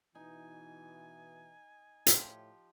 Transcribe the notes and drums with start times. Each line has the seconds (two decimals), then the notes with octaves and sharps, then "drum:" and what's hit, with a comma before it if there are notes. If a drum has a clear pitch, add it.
0.15 B2 E3 D#4 G#5
2.07 A2 F3 G4, drum: hi-hat